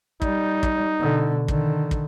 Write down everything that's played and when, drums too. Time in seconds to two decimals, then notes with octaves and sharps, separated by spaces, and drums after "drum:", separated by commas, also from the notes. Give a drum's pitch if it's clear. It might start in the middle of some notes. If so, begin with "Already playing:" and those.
0.22 G3 D#4, drum: kick
0.63 drum: kick
0.99 B2 D3
1.48 D3 D#3, drum: kick
1.91 drum: kick